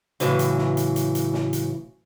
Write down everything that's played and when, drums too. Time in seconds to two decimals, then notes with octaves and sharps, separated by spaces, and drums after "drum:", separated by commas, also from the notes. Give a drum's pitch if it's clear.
0.20 A2 C#3 E3 F#3, drum: hi-hat
0.39 drum: hi-hat
0.58 drum: snare
0.77 drum: hi-hat
0.96 drum: hi-hat
1.15 drum: hi-hat
1.34 drum: snare
1.53 drum: hi-hat